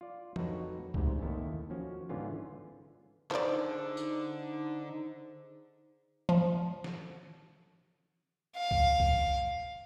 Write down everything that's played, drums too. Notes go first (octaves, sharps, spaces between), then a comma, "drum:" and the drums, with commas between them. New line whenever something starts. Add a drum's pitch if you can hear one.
F4 D5
F2 D#4 F#4 A4 B4 C#5, drum: tom
D2 G#2 C3, drum: kick C2
D#2 D#3 E4 A4 A5
F3 C#4 F#4
G#2 D3 E3 B3 C#4 F4
D3 F3 D#4 G#4 C5 D5 C6, drum: clap
drum: tambourine
F3
drum: snare
F5
drum: kick C2
drum: kick C2